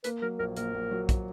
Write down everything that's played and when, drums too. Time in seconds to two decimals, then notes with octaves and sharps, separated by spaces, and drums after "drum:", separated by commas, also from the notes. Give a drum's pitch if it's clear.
0.04 A#3 B4, drum: hi-hat
0.22 F#3 A#4
0.39 A#1 A#4
0.56 A#1 A#4, drum: hi-hat
0.74 A#1
0.91 F#3
1.09 drum: kick, hi-hat